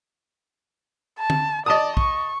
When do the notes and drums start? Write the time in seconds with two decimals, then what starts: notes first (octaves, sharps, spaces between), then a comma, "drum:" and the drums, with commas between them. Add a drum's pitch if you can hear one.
1.19 A5
1.30 drum: tom D3
1.66 D5 D#5 A5 D#6
1.97 C#6, drum: kick